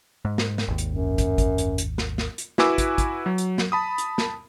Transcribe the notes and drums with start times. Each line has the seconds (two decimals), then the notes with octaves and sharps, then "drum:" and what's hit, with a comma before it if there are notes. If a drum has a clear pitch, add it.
0.25 G#2
0.38 drum: snare
0.58 drum: snare
0.68 G#1 D#2
0.78 drum: hi-hat
0.90 F#2
1.18 drum: kick, hi-hat
1.38 drum: kick, hi-hat
1.58 drum: hi-hat
1.78 drum: hi-hat
1.98 drum: snare
2.18 drum: snare
2.38 drum: hi-hat
2.58 E4 F#4 B4 G#5 D6 E6, drum: snare
2.78 drum: kick, hi-hat
2.98 drum: kick, hi-hat
3.26 F#3
3.38 drum: hi-hat
3.58 drum: snare
3.72 A5 B5 D#6
3.98 drum: hi-hat
4.18 drum: snare